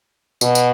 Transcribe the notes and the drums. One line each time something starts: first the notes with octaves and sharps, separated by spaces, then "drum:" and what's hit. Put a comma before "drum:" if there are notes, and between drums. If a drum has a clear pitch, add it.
B2, drum: tambourine
drum: tambourine